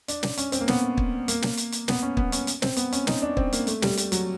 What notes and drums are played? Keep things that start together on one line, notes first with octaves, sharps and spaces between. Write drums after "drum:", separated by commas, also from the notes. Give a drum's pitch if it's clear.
D4, drum: hi-hat
drum: snare
C#4, drum: hi-hat
C4, drum: hi-hat
A#3
B3, drum: snare
drum: kick
A#3, drum: hi-hat
drum: snare
drum: hi-hat
drum: hi-hat
B3, drum: snare
C#4
B3, drum: kick
C#4, drum: hi-hat
drum: hi-hat
C4, drum: snare
B3, drum: hi-hat
C#4, drum: hi-hat
D#4, drum: snare
D4
C4, drum: kick
A#3, drum: hi-hat
A3, drum: hi-hat
G3, drum: snare
G3, drum: hi-hat
F#3, drum: hi-hat